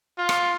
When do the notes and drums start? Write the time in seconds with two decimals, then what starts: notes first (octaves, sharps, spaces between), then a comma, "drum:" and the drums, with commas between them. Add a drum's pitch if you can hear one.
0.18 F4
0.29 drum: rim click